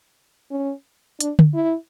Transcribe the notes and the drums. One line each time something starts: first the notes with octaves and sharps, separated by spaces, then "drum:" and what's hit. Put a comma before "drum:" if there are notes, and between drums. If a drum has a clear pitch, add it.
C#4
D4, drum: hi-hat
drum: tom D3
E4